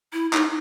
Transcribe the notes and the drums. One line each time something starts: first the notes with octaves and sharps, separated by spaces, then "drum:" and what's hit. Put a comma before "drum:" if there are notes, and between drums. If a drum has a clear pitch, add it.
E4
D#4, drum: clap